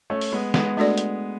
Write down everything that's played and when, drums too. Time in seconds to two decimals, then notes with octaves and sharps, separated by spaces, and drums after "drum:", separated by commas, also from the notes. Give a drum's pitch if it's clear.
0.10 A3 C#4
0.21 drum: open hi-hat
0.32 G#3 B3
0.54 G#3 B3, drum: snare
0.77 A3 D4 F#4 A4 D5
0.98 drum: hi-hat